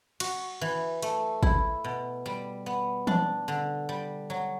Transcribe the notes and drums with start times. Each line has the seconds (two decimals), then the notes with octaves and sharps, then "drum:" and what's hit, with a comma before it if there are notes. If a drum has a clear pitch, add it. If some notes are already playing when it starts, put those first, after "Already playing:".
0.20 F#4, drum: cymbal
0.61 E3
1.03 A3, drum: hi-hat
1.43 E4, drum: kick
1.84 B2
2.26 G3
2.66 B3
3.07 D4, drum: tom E3
3.48 D3
3.89 G3
4.30 F#3